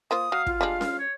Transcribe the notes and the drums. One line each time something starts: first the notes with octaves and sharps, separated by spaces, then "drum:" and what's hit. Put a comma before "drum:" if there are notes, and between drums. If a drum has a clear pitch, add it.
A#3 F4 C5 D#6
F#3 F5
F4, drum: kick
G3 G#3 D4 F5
drum: snare C#4
C#5